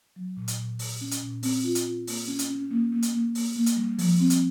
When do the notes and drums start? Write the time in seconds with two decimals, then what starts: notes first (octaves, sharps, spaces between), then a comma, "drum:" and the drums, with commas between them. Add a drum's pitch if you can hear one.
0.16 F#3
0.37 A#2
0.48 drum: hi-hat
0.59 A#2
0.79 A#2, drum: open hi-hat
1.01 C#4
1.11 drum: hi-hat
1.22 A#2
1.43 C4, drum: open hi-hat
1.64 F4
1.75 drum: hi-hat
1.85 F4
2.07 A#3, drum: open hi-hat
2.28 C#4
2.39 drum: hi-hat
2.50 C#4
2.71 A#3
2.92 A#3
3.02 drum: hi-hat
3.13 A#3
3.35 A#3, drum: open hi-hat
3.56 A#3
3.66 drum: hi-hat
3.77 G3
3.98 F3, drum: open hi-hat
4.20 C4
4.30 drum: hi-hat